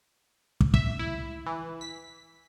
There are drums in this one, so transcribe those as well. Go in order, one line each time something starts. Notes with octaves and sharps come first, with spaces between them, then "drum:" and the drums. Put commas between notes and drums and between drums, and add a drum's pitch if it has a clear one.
drum: kick
E5, drum: kick
E4
E3
B6